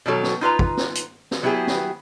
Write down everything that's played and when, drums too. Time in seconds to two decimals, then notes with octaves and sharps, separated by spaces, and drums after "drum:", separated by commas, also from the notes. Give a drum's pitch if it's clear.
0.06 B2 D#3 F#3 A4
0.23 drum: snare
0.41 D#4 F4 B4 A#5
0.59 drum: kick
0.77 drum: snare
0.95 drum: hi-hat
1.31 drum: snare
1.43 F#3 B3 E4 G4 G#4
1.67 drum: snare